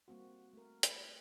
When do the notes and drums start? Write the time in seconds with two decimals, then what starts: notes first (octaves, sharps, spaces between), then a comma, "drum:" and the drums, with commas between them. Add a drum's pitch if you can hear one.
0.08 G3 A#3 C4 F#4
0.53 A3 A#4
0.83 B4 D#5 E5, drum: hi-hat